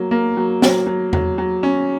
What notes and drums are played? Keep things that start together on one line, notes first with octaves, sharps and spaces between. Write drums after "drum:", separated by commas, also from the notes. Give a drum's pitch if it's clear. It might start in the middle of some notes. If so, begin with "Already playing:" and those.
Already playing: F#3 A#3
A#3
F#3
F#3, drum: snare
F#3
F#3, drum: tom E2
F#3
C#4